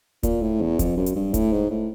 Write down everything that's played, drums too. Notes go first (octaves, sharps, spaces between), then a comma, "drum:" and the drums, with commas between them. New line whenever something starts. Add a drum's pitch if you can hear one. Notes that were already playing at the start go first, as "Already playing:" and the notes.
A#2, drum: kick D#1, hi-hat
A2
E2
F2, drum: kick D#1, hi-hat
F#2
drum: hi-hat
G2
A2, drum: kick D#1, hi-hat
G#2
A2